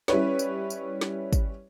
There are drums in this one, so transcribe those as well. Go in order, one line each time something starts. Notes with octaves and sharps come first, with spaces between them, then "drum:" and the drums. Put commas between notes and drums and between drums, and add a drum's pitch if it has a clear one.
G3 C#4 E4 B4 C#5, drum: snare
drum: tambourine
drum: tambourine
drum: snare
drum: kick, tambourine